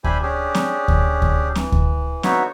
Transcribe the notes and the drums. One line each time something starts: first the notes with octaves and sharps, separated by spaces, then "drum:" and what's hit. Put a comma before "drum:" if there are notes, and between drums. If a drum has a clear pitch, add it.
D4 G4 C5 E5 G#5 B5, drum: kick D2
C#4 D4 G4 G#4
drum: snare C4
drum: kick D2
drum: kick D2
E3, drum: snare C4
drum: kick D2
D3 B3 D#4 F#4 C#5 E5, drum: snare C4